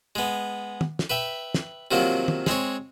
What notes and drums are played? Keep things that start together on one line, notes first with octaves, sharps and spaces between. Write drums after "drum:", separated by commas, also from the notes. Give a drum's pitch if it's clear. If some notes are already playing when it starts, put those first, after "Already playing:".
G#3 B3
drum: tom
drum: snare
B4 E5 G5
drum: snare
C3 D#3 F3 F#3 A#3
drum: tom
G#3 C4 C#5, drum: snare